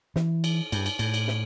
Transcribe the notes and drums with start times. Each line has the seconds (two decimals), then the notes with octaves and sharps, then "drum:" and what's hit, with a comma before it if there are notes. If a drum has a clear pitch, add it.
0.16 E3, drum: snare
0.44 drum: cymbal
0.72 G2, drum: cymbal
0.86 drum: cymbal
0.99 A2, drum: cymbal
1.14 drum: cymbal
1.28 drum: snare